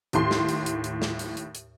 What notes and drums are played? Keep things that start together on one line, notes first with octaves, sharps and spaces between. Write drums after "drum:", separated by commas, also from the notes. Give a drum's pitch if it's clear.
D#2 A2 C6, drum: hi-hat
drum: snare
drum: hi-hat
drum: hi-hat
drum: hi-hat
drum: snare
drum: hi-hat
drum: hi-hat
drum: hi-hat